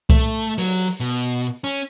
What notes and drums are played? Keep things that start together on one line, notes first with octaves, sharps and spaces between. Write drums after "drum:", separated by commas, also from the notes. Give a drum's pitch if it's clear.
A3, drum: kick C2
F#3, drum: open hi-hat
B2
C#4